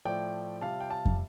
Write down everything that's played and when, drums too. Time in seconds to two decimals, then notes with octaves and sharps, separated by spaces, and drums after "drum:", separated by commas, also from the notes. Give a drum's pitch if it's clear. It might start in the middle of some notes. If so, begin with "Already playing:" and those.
0.05 A2 F3 A3 D5 G5
0.61 C3 G3 F4 F5 A5
0.80 G5
0.90 F5 A5
1.05 drum: kick F2